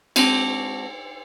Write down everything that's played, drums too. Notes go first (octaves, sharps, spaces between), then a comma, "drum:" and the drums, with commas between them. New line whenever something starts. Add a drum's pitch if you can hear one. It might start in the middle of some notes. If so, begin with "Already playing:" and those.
G#3 C4 D4 F#4, drum: cymbal